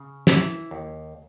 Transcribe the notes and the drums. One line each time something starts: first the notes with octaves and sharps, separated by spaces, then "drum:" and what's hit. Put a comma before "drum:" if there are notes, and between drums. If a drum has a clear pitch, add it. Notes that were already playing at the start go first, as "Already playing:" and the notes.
Already playing: C#3
E3 E4, drum: snare
D#2